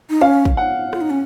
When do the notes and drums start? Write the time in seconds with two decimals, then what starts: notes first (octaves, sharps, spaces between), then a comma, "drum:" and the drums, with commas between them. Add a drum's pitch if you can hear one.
0.10 D#4
0.21 C#4 F5
0.45 drum: kick
0.57 F#5
0.93 F4, drum: rim click
1.01 D#4
1.10 C#4